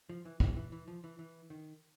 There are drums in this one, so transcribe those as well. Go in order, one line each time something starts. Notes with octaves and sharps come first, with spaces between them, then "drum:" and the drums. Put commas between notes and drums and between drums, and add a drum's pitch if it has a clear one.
F3
E3
E3, drum: kick
E3
E3
F3
E3
E3
D#3